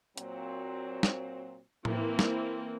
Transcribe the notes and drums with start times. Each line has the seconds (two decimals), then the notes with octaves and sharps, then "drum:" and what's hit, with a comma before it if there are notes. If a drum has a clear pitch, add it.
0.18 A#2 F#3 C4, drum: hi-hat
1.03 drum: snare
1.85 E3 A#3 C4 E4, drum: tom A2
2.19 drum: snare